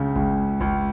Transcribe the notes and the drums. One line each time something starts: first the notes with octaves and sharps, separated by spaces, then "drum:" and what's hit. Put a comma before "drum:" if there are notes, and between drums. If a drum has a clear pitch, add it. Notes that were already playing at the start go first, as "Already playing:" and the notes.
Already playing: C#2 C#3
C#2, drum: kick G1
C#2, drum: kick G1